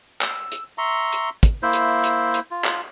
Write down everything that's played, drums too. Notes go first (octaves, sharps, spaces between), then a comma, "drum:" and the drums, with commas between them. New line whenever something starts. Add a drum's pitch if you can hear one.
E6, drum: clap
drum: hi-hat
E5 A#5 C6 C#6
drum: hi-hat
drum: kick, hi-hat
A#3 E4 C5 E5
drum: hi-hat
drum: hi-hat
drum: hi-hat
F4
drum: clap